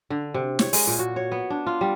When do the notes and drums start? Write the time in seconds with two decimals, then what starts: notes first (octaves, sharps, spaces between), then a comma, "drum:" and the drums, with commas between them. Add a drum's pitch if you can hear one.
0.10 D3
0.34 C3
0.59 C#5, drum: snare
0.73 G#3, drum: open hi-hat
0.87 A#2
0.99 F#4
1.16 C#5
1.32 B3
1.50 D4
1.67 F4
1.81 G3